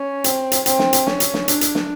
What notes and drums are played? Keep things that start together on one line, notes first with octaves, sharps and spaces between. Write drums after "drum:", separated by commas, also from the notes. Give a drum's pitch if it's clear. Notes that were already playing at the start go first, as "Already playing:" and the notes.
Already playing: C#4
C4, drum: hi-hat
drum: hi-hat
C4, drum: hi-hat
drum: snare
drum: hi-hat
C#4, drum: snare
drum: hi-hat
drum: snare
D4, drum: hi-hat
drum: hi-hat
drum: snare